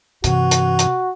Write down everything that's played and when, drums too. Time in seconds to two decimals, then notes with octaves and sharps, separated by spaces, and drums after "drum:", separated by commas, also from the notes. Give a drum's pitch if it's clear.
0.24 G2 C3 E3 F#4, drum: hi-hat
0.51 drum: hi-hat
0.79 drum: hi-hat